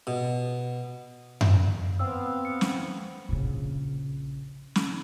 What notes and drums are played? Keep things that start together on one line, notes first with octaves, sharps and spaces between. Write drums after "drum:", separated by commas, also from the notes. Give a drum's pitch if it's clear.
B2
drum: tom F#2
B3 C4 F5 E6
C#7
drum: snare
A#1 C#3
drum: snare